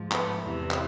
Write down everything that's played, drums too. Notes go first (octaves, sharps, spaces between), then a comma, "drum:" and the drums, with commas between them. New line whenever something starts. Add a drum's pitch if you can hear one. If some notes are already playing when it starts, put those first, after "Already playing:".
Already playing: G#2 F3 G#3
A3 B3, drum: clap
E2 C3 E3
drum: clap